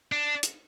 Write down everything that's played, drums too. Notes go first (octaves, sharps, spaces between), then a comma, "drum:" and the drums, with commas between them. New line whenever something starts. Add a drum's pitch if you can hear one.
D4
drum: hi-hat